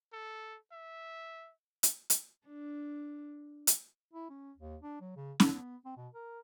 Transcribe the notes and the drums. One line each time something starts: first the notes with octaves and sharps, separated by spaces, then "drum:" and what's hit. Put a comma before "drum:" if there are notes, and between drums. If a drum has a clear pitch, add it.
A4
E5
drum: hi-hat
drum: hi-hat
D4
drum: hi-hat
E4
C#4
D#2
D4
F#3
C#3
D3, drum: snare
B3
C4
B2
A#4